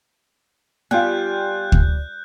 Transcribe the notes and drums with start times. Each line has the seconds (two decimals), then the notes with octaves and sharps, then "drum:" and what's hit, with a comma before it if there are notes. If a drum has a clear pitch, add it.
0.91 G3 B3 F4 F5 G5 G#5 F#6 G6
1.72 drum: kick D2